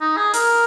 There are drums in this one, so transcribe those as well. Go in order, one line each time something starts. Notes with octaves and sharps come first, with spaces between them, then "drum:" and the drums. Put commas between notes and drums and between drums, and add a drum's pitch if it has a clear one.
D#4
G#4
A#4, drum: hi-hat